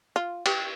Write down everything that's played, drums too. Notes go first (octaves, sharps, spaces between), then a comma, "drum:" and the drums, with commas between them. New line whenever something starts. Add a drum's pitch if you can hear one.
F4
G4, drum: cymbal